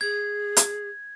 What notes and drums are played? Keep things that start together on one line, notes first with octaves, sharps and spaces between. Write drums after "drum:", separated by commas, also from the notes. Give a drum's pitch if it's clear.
G#4 G#6
drum: hi-hat